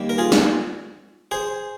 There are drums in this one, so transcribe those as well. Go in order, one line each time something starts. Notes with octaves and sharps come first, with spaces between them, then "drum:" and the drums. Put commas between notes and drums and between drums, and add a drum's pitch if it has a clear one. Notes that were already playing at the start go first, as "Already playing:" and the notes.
Already playing: D#2 D#3 G3 A#3
A#4
F4 G#4
drum: snare
G#4 C5